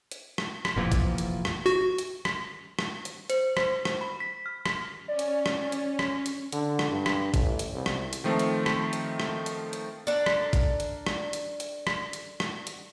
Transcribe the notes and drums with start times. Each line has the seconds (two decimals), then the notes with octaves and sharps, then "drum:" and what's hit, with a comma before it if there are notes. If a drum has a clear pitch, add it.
0.11 drum: hi-hat
0.38 drum: rim click
0.65 drum: rim click
0.76 F1 A#2 E3 F3
0.92 drum: kick G#1, hi-hat
1.18 drum: hi-hat
1.45 drum: rim click
1.66 F#4
1.98 drum: hi-hat
2.25 drum: rim click
2.79 drum: rim click
3.05 drum: hi-hat
3.30 C5, drum: hi-hat
3.57 C5, drum: rim click
3.85 drum: rim click
4.01 B5
4.20 B6
4.46 F6
4.66 drum: rim click
5.08 C#4 D5
5.19 drum: hi-hat
5.46 drum: rim click
5.72 drum: hi-hat
5.99 drum: rim click
6.26 drum: hi-hat
6.52 D3, drum: hi-hat
6.79 drum: rim click
6.90 G2
7.06 drum: rim click
7.34 A1, drum: kick G#1, hi-hat
7.59 drum: hi-hat
7.74 C2
7.86 drum: rim click
8.13 drum: hi-hat
8.24 D#3 F3 A3 C4
8.39 drum: hi-hat
8.66 drum: rim click
8.93 drum: hi-hat
9.20 drum: rim click
9.46 drum: hi-hat
9.73 drum: hi-hat
10.07 D4 A4 A#4 D5
10.26 drum: rim click
10.53 drum: kick G#1, hi-hat
10.80 drum: hi-hat
11.07 drum: rim click
11.33 drum: hi-hat
11.60 drum: hi-hat
11.87 drum: rim click
12.13 drum: hi-hat
12.40 drum: rim click
12.67 drum: hi-hat